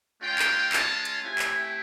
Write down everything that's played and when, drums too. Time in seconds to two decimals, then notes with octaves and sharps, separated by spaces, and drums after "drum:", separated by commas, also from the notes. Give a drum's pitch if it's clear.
0.22 G#3 C#4 F4 G5
0.39 drum: clap
0.73 A5, drum: clap
1.05 drum: hi-hat
1.22 A3 C4 E4 G4 G#5
1.39 drum: clap